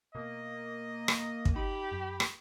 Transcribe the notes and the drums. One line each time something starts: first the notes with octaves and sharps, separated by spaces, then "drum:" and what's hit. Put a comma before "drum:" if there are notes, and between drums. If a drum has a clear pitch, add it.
B2 A#3 D#5
drum: rim click
drum: kick
D#4 G4 B5
F#2
drum: rim click